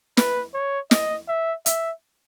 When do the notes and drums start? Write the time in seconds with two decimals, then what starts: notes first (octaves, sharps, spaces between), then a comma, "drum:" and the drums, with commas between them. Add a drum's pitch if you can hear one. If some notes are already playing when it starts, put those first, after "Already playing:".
0.17 B4, drum: snare
0.54 C#5
0.91 D#5, drum: snare
1.28 E5
1.66 E5, drum: hi-hat